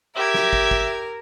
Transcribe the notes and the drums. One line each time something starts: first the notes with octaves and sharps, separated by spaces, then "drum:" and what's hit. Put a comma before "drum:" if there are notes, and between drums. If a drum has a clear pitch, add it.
G4 A#4 E5 G#6
drum: snare
drum: kick
drum: kick